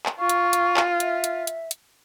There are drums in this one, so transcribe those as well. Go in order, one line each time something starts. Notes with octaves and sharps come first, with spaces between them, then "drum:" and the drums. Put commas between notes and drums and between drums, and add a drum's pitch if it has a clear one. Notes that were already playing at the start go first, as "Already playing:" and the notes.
drum: clap
F4 C#6
drum: hi-hat
drum: hi-hat
drum: clap
E5, drum: hi-hat
drum: hi-hat
drum: hi-hat
drum: hi-hat